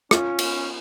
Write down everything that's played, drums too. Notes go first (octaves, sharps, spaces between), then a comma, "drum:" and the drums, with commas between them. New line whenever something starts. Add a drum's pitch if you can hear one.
C#4 F4, drum: rim click
drum: cymbal